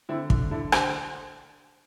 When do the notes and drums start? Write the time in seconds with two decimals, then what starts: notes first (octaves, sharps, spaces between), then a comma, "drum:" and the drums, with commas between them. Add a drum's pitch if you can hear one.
0.09 D3 C4 E4
0.30 D3, drum: kick
0.51 D3 E4 A4
0.72 D3 G4 C5, drum: rim click